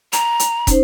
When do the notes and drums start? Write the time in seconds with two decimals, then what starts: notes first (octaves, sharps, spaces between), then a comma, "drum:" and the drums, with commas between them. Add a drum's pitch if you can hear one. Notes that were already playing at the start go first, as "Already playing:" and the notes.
0.13 A#5, drum: hi-hat
0.40 drum: hi-hat
0.67 C#4 D#4 C5, drum: kick, hi-hat